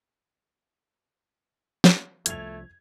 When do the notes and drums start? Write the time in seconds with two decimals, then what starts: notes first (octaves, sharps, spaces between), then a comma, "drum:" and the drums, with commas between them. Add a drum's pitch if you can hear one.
1.84 drum: snare
2.26 C2 F3 A3 G#6 F7, drum: hi-hat